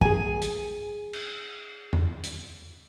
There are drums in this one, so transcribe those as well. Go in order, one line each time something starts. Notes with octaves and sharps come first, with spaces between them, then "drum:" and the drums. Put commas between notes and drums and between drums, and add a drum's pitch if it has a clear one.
G#4 G#5, drum: kick
drum: hi-hat
drum: cymbal
drum: tom E2
drum: hi-hat